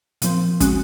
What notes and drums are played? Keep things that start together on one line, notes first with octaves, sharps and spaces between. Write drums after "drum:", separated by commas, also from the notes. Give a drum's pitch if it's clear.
A#2 F3 C4, drum: hi-hat
G#3 C#4 F#4, drum: kick, hi-hat